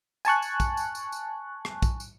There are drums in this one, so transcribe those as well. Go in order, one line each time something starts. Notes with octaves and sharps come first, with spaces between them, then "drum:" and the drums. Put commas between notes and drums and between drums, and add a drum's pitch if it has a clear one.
G#5 A5 C#6 F#6, drum: tambourine
drum: tambourine
drum: kick A#1, tambourine
drum: tambourine
drum: tambourine
drum: tambourine
drum: rim click
drum: kick A#1, tambourine
drum: tambourine